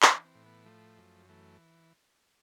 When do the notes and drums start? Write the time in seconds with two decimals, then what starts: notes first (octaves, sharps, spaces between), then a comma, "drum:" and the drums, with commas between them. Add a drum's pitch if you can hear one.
0.02 E3 D4, drum: clap
0.24 C4
0.35 A2
0.46 B3
0.66 F3 A3
0.97 F#2
1.29 E3 A3